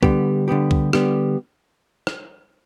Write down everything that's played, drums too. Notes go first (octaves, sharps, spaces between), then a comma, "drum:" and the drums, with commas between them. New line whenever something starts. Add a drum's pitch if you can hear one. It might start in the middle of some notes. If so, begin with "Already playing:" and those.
D3 G3 B3 G4, drum: kick
D3 G3 B3 G4
drum: kick
D3 G3 B3 G4, drum: rim click
drum: rim click